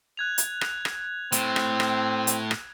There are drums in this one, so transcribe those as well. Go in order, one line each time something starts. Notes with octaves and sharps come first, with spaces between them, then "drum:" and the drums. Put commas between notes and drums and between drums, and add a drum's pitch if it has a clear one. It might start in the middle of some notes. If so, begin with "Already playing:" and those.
F#6 G#6 F7
drum: hi-hat
drum: rim click
drum: rim click
A2 C4, drum: hi-hat
drum: rim click
drum: rim click
drum: hi-hat
drum: rim click